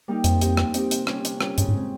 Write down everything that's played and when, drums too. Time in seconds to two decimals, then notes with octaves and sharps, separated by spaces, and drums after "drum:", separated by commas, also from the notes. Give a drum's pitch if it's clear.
0.08 G3 A#3 D#4 G4
0.24 F2 F3, drum: hi-hat
0.41 C4 D#4 G4, drum: hi-hat
0.57 F3, drum: rim click
0.74 C4 D#4 G4, drum: hi-hat
0.91 C3, drum: hi-hat
1.07 G3 C#4 F4, drum: rim click
1.25 C3, drum: hi-hat
1.41 G3 C#4 F4, drum: rim click
1.58 G2 C#3, drum: hi-hat
1.68 G#2
1.74 G#3 C4